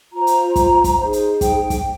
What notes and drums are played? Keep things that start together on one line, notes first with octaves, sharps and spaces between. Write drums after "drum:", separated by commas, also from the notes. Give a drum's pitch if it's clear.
F4 C5 A#5
drum: hi-hat
drum: kick, hi-hat
drum: kick, hi-hat
D#4 G#4 C5
drum: hi-hat
G5, drum: kick, hi-hat
drum: kick, hi-hat